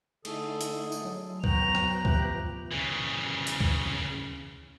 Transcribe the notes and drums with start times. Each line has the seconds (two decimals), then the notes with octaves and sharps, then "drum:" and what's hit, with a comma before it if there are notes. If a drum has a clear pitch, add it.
0.25 D3 A3 D#4 E4 G#4 A4, drum: cymbal
0.61 drum: hi-hat
0.92 drum: tambourine
1.05 F#3
1.44 B3 F#4 G5 A#5 F#6 F7, drum: kick D2
1.75 drum: rim click
2.05 F3 G4 B4 E5, drum: kick D2
2.72 C#3 E3
3.47 drum: hi-hat
3.60 drum: kick D2